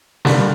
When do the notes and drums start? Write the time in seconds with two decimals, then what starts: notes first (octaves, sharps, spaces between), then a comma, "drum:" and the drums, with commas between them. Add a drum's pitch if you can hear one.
0.25 G2 D3 G3 A#3, drum: snare